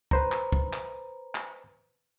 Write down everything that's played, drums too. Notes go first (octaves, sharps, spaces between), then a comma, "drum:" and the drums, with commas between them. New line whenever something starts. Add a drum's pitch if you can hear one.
B4 C5 A#5, drum: kick
drum: clap
drum: kick
drum: clap
drum: clap